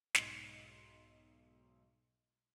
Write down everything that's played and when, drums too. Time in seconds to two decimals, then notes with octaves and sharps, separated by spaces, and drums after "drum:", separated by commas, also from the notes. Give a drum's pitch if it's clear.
0.15 B1 G#2 C6, drum: snare